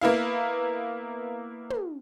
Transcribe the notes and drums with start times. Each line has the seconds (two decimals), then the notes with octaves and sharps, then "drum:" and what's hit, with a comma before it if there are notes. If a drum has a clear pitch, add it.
0.01 A#3 B3 E4 F5
1.70 drum: tom